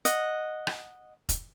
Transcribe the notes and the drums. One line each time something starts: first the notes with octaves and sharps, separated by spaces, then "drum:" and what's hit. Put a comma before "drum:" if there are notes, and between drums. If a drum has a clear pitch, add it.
D#5 F#5, drum: hi-hat
drum: rim click
drum: kick F1, hi-hat